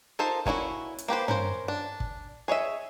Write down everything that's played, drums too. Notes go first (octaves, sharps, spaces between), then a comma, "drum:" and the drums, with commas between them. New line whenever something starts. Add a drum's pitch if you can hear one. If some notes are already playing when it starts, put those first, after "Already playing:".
D#4 F4 A4 A#4 C5
A#3 C#4 D#4 E4 F#4, drum: kick
drum: hi-hat
A#3 G4 B4 C5
C#4 A#4 C5, drum: tom
D4
drum: kick
G#4 C#5 D#5 E5